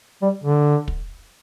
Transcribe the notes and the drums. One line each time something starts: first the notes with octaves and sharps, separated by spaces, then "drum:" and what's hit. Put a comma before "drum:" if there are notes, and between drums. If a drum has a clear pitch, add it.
G3
D3
drum: kick